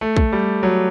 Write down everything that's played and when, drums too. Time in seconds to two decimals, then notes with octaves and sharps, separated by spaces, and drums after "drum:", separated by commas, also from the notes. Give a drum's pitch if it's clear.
0.01 A3
0.17 drum: kick
0.33 G3
0.63 F#3